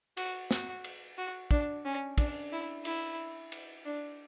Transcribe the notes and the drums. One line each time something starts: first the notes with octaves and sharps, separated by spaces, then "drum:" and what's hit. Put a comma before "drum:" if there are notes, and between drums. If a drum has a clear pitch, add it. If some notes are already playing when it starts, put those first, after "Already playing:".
F#4, drum: cymbal
F#4, drum: snare
drum: cymbal
F#4
D4, drum: kick
C#4
D4, drum: kick, cymbal
E4
E4, drum: cymbal
drum: cymbal
D4